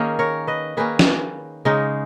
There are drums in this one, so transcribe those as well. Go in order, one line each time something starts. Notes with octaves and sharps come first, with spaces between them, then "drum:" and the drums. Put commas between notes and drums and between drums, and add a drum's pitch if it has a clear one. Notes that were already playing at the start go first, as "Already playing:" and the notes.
Already playing: D#3 A#3 C#4 G#4
A#4 C#5
B4 D#5
D#3 A#3 C#4 G#4 B4
drum: snare
C#3 G#3 D#4